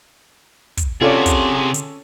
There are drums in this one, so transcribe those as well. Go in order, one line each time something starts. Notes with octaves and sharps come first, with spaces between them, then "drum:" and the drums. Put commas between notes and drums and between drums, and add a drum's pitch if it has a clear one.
drum: kick, hi-hat
C3 C#4 F4 F#4 G#4 A4 D5
drum: kick, hi-hat
drum: hi-hat